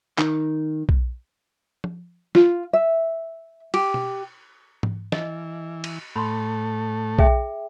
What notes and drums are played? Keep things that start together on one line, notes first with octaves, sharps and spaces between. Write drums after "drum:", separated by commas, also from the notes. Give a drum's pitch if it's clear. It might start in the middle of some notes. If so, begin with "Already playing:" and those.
D#3, drum: clap
drum: kick B1
drum: tom
F4, drum: snare
E5
G4, drum: cymbal
drum: tom B2
drum: tom G#2
E3 D#5, drum: snare
drum: cymbal
A2 A3 B5 C6
G#4 E5 G5, drum: kick B1